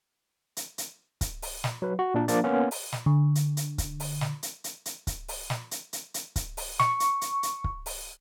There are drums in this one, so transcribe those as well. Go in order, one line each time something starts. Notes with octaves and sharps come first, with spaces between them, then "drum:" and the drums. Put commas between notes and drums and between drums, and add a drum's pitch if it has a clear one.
drum: hi-hat
drum: hi-hat
drum: kick, hi-hat
drum: open hi-hat
drum: snare
F#3 B4
F#4
A#2 D4
F3 A#3 D4 D5, drum: hi-hat
A#3 B3 C#4
drum: open hi-hat
drum: snare
D3
drum: hi-hat
drum: hi-hat
drum: kick, hi-hat
drum: open hi-hat
drum: snare
drum: hi-hat
drum: hi-hat
drum: hi-hat
drum: kick, hi-hat
drum: open hi-hat
drum: snare
drum: hi-hat
drum: hi-hat
drum: hi-hat
drum: kick, hi-hat
drum: open hi-hat
C#6, drum: snare
drum: hi-hat
drum: hi-hat
drum: hi-hat
drum: kick
drum: open hi-hat